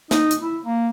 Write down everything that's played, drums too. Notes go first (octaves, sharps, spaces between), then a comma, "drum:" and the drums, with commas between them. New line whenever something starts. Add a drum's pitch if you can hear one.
D#4, drum: snare
drum: hi-hat
E4
A#3